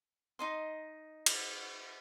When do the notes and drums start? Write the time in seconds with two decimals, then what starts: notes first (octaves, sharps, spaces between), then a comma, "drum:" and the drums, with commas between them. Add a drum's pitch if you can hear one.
0.39 D#4 D#5 C6
1.26 drum: cymbal